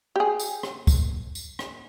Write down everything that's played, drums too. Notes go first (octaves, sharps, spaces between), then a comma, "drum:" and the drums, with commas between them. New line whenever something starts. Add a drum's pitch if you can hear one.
G4 G#4
drum: tambourine
drum: rim click
drum: kick, tambourine
drum: tambourine
drum: rim click